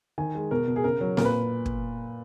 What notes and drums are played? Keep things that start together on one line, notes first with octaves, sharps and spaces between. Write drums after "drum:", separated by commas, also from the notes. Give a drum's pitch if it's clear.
D#3 G#5
G#3
B2 A#4
B2
G#4
C#3 A#4
F#3
A#2 A#4, drum: snare C4
B4
drum: kick